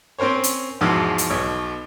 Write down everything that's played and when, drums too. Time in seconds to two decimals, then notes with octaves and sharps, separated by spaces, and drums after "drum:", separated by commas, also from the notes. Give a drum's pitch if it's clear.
0.19 C4 C#4 A#4 C5 C#5
0.44 drum: hi-hat
0.81 E2 G#2 B2 F3 G#3 D6
1.18 drum: hi-hat
1.30 B1 B2 C#5